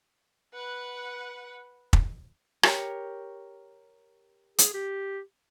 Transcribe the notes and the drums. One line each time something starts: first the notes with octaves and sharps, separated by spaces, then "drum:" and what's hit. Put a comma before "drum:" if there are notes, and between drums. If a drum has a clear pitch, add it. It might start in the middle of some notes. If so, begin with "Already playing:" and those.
B4 F#5
drum: kick
G4 A#4 C#5, drum: rim click
G#4, drum: hi-hat
G4